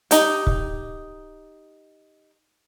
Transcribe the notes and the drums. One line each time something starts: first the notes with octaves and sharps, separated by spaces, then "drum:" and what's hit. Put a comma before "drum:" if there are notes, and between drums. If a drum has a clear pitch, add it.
D#4 G4, drum: hi-hat
drum: kick C#1